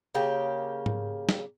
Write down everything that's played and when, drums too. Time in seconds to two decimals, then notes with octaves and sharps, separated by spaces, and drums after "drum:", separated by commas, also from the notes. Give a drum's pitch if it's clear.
0.15 C#3 A#3 G4
0.86 drum: tom G#2
1.29 drum: snare